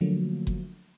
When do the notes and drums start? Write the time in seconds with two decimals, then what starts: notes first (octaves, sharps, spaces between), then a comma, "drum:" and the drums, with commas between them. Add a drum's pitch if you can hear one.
0.01 D3 F3 F#3 A3 A#3
0.47 drum: kick F#1